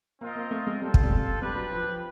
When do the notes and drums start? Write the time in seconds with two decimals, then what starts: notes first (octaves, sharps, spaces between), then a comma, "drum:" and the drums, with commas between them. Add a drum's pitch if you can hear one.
0.21 A#3 C4 F4 A#4 D#5
0.36 A#3
0.51 A3
0.67 G#3
0.82 G3 C4 F4 A4
0.94 drum: kick
1.04 G3
1.11 G#3
1.42 G3 D4 G4 B4
1.56 F#3
1.72 F3
1.86 F3